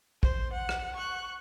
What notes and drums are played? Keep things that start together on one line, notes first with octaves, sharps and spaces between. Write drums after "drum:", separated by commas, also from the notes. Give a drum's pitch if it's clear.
C5, drum: kick
F#5
drum: rim click
C#6 F#6